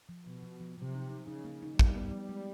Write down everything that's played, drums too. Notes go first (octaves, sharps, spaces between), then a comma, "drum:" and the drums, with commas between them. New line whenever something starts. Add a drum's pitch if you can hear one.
F3
B2 F3
F3
F3
C3 F#3
D#4
D#4
C#3 D#4
A#3
D#4
G3 B3, drum: kick
B3
F3
G#3